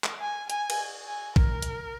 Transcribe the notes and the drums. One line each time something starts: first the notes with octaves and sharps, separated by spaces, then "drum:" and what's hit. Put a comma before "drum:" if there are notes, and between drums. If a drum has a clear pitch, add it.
drum: clap
G#5
G#5, drum: hi-hat
drum: cymbal
G#5
A#4, drum: kick
drum: hi-hat